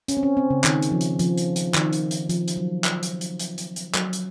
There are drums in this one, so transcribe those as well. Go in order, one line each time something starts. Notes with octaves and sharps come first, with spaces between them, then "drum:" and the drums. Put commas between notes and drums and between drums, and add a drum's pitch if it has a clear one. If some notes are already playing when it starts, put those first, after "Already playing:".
C#4, drum: hi-hat
C4
C#4
C4
C#3
D#3, drum: clap
drum: hi-hat
F3
drum: hi-hat
F3, drum: hi-hat
drum: hi-hat
drum: hi-hat
D#3, drum: clap
drum: hi-hat
drum: hi-hat
F3, drum: hi-hat
drum: hi-hat
F#3
drum: clap
drum: hi-hat
drum: hi-hat
drum: hi-hat
drum: hi-hat
drum: hi-hat
F#3, drum: clap
drum: hi-hat